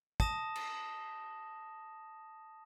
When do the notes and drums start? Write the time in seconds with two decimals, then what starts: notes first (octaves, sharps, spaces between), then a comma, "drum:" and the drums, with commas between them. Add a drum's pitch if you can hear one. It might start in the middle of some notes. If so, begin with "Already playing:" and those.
0.20 A5 D#6 A#6 E7, drum: kick
0.55 drum: cymbal